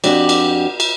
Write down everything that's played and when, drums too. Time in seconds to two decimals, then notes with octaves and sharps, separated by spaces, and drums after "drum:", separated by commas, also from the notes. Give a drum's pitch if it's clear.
0.04 F2 D4 F#4 G4 D5, drum: cymbal
0.29 drum: cymbal
0.80 drum: cymbal